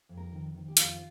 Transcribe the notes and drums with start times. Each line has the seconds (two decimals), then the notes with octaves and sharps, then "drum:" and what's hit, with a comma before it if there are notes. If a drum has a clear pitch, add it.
0.09 F2
0.17 A#4
0.33 D#3
0.54 D#3
0.68 G4
0.77 F2 F4, drum: hi-hat